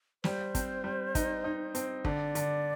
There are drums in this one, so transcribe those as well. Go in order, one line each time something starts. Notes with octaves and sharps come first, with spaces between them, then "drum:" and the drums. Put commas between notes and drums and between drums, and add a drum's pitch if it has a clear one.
G3 C5, drum: snare
C4, drum: kick, hi-hat
G3
D#4, drum: kick, hi-hat
D#4
C4, drum: hi-hat
D3 D5, drum: kick
D3, drum: hi-hat